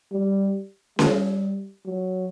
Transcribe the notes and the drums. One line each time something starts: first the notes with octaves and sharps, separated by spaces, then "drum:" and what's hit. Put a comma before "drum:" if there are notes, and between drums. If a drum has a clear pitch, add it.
G3
G3, drum: snare C#4
F#3